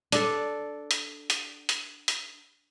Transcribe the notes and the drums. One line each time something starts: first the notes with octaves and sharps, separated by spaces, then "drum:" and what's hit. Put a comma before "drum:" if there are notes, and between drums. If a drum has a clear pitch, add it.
D4 A4, drum: hi-hat
drum: hi-hat
drum: hi-hat
drum: hi-hat
drum: hi-hat